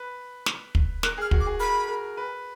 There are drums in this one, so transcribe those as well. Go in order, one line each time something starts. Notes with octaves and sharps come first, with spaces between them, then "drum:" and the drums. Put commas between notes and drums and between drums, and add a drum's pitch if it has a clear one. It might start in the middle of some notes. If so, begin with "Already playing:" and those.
Already playing: B4
drum: snare
drum: kick
A#4 F#6, drum: snare
G#4
F6
F#4, drum: kick
D6
G#4
A#4 B5
A#4
B4